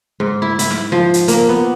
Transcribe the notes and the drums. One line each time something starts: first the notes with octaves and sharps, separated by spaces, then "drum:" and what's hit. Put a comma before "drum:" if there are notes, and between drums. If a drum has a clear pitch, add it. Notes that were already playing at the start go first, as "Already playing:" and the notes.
G#2
E4
E4, drum: hi-hat
drum: snare
F3
drum: hi-hat
A#3, drum: hi-hat
B3